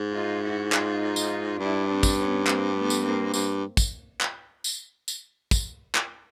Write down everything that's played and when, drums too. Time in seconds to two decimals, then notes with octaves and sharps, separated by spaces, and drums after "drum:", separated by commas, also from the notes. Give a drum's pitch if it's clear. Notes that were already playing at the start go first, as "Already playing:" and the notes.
Already playing: G#2
0.14 D#4 F4
0.43 E4 F#4
0.72 D#4 F4, drum: clap
1.16 drum: tambourine
1.59 G2 D4 E4
1.88 C4 D4
2.03 drum: kick, tambourine
2.17 B3 C#4
2.47 A#3 C4, drum: clap
2.75 A3 B3
2.90 drum: tambourine
3.05 A#3 C4
3.34 G2, drum: tambourine
3.77 drum: kick, tambourine
4.21 drum: clap
4.64 drum: tambourine
5.08 drum: tambourine
5.51 drum: kick, tambourine
5.95 drum: clap